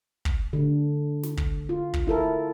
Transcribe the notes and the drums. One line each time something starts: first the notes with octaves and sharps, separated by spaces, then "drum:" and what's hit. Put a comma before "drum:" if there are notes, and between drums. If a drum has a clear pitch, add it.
drum: kick
D3
drum: snare
drum: kick
F4
drum: kick
E4 A4 A#4